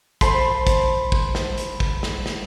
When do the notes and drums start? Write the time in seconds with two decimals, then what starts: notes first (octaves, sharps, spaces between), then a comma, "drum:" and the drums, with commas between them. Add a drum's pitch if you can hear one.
0.21 C5 A5 B5 C6, drum: kick, hi-hat
0.67 drum: kick, hi-hat
1.12 drum: kick
1.35 drum: snare
1.58 drum: hi-hat
1.80 drum: kick
2.03 drum: snare
2.26 drum: snare